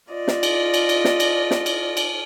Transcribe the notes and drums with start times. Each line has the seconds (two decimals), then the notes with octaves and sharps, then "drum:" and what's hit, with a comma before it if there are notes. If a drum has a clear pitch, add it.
0.12 F4 D5 D#5
0.28 drum: snare
0.43 drum: cymbal
0.74 drum: cymbal
0.89 drum: cymbal
1.04 drum: snare
1.20 drum: cymbal
1.51 drum: snare
1.66 drum: cymbal
1.97 drum: cymbal